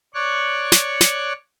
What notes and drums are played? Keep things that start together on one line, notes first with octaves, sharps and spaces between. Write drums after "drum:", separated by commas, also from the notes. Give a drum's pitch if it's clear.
C#5 D5 C#6 F#6
drum: snare
drum: snare